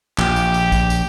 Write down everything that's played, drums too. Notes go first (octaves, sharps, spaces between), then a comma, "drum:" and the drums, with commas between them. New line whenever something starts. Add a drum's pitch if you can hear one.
A#1 G4, drum: clap
drum: tambourine
drum: tambourine
drum: kick, tambourine
drum: tambourine